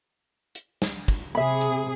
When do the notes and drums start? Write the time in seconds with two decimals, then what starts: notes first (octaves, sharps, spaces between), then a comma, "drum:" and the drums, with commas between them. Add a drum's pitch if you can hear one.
0.55 drum: hi-hat
0.82 drum: snare
1.08 drum: kick, hi-hat
1.35 C3 G#4 E5 B5
1.61 drum: hi-hat